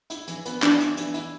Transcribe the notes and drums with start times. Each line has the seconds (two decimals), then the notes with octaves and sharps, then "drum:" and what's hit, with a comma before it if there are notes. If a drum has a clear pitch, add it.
0.10 E4, drum: hi-hat
0.28 E3, drum: hi-hat
0.45 B3, drum: hi-hat
0.62 E3 D4, drum: clap
0.80 E4, drum: hi-hat
0.97 E3, drum: hi-hat
1.14 E4, drum: hi-hat